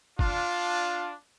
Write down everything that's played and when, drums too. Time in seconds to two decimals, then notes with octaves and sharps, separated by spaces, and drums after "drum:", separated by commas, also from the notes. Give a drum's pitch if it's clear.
0.19 D4 F4, drum: kick G1